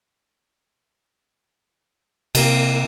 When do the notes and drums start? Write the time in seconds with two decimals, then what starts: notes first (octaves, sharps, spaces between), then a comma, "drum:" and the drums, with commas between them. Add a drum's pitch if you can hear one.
2.35 C3 A#3 C4, drum: cymbal